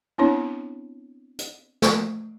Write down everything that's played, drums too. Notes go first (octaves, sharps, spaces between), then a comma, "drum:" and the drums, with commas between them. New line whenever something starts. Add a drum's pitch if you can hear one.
B3 C4 D4 E4 C#5
drum: hi-hat
drum: snare